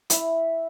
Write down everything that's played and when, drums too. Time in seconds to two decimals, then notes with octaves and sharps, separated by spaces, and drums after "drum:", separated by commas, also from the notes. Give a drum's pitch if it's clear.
0.10 E4, drum: hi-hat